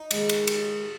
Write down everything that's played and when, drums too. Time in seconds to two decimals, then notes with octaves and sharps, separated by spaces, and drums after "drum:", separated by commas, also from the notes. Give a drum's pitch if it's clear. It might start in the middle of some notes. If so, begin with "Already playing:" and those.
Already playing: D#4
0.11 D#2 C#3 G#3, drum: cymbal
0.29 drum: cymbal
0.47 drum: cymbal